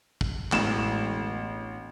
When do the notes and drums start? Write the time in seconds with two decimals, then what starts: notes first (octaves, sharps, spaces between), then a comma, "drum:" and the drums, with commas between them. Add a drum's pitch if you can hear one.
0.21 drum: kick
0.52 E1 A1 E7, drum: clap